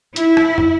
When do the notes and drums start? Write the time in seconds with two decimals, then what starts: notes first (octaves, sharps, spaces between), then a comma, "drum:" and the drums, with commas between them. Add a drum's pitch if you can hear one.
0.16 E4, drum: hi-hat
0.37 drum: rim click
0.58 drum: tom